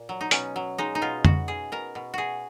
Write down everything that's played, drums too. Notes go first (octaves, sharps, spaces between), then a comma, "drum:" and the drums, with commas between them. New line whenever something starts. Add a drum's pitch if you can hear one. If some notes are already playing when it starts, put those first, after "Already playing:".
Already playing: A#2
F#3
D#4
B2 C#4, drum: hi-hat
F#3
G#3 D#4
D#4
B2 F4
B2 F#4, drum: tom
B2 G#4
B2 A#4
B2
B2 F#4 G#4